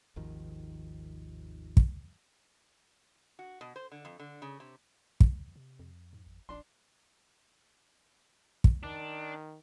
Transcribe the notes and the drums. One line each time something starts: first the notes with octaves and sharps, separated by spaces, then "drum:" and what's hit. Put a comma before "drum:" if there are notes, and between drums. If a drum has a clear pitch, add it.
G#1 D#2 D#3 F3
drum: kick
F#4
B2
C5
D3
F2
D3
C#3
C3
drum: kick
C3
F2
G#2
G#1
D#1 A#1 D4 C6
drum: kick
D#3 D4